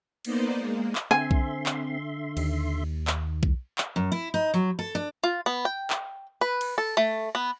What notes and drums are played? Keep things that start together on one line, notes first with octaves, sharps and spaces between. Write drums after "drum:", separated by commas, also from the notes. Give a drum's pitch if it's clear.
A#3 B3 D#4 C5 D5 D#5, drum: cymbal
G#3 A#3
drum: clap
D3 C4 E5 G#5 C6
drum: kick B1
drum: clap
D#2, drum: cymbal
drum: clap
drum: kick B1
drum: clap
F#2
E4
D#4
F#3
A4
D4
F4
B3
G5
drum: clap
B4
drum: cymbal
A4
A3
B3